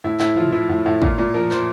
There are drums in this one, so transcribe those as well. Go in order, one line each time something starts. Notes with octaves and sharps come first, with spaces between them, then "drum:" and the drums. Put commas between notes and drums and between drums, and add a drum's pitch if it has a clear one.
A2 E4
A2 E4, drum: clap
F3 F4, drum: tom
F3 E4
A2
A2
A#2 F4, drum: kick
A#2
F3 A#4
F3 C5, drum: clap